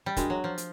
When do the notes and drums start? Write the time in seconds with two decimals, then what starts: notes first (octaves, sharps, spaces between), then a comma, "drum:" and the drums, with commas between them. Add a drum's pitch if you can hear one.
0.06 G3
0.16 G#3 D4 F#4 A#4, drum: kick, hi-hat
0.30 F#3
0.44 F3
0.58 drum: hi-hat